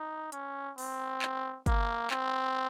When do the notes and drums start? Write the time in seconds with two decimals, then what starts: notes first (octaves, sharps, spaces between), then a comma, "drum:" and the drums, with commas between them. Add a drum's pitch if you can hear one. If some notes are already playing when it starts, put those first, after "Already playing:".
Already playing: D#4
0.32 C#4, drum: hi-hat
0.78 C4, drum: open hi-hat
1.22 drum: clap
1.66 A#3, drum: kick G1, hi-hat
2.11 C4, drum: clap